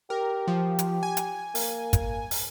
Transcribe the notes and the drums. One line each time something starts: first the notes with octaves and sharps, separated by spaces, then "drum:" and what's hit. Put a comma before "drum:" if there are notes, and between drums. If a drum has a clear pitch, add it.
G4 A#4
F3
drum: hi-hat
G#5
drum: hi-hat
A#3, drum: open hi-hat
drum: kick, hi-hat
drum: open hi-hat